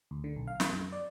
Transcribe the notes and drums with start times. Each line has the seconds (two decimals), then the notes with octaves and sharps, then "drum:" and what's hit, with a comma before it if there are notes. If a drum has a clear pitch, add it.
0.11 D2
0.24 D3
0.36 B1
0.47 F5
0.60 G6, drum: snare
0.73 F#2
0.92 D5